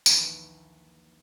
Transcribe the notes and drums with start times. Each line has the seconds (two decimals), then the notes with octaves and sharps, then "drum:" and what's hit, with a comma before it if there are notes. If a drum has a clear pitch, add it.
0.06 A#1 D#2 E3 B4, drum: tambourine